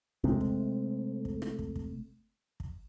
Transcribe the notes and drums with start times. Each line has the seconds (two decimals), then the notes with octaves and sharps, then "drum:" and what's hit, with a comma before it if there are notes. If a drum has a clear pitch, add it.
0.24 C3 G#3 A3 C4, drum: kick
0.41 drum: kick
1.25 drum: kick
1.42 drum: rim click
1.59 drum: kick
1.76 drum: kick
2.60 drum: kick